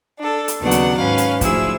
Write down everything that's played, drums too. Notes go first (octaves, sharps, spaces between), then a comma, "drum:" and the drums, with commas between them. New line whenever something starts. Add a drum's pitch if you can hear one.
D4 A4
drum: hi-hat
D#2 C#3 F#3 B3 D4 F#5
drum: hi-hat
G#2 C#4 B4 F5
drum: hi-hat
D2 F3 E4 G#4 E6, drum: kick, hi-hat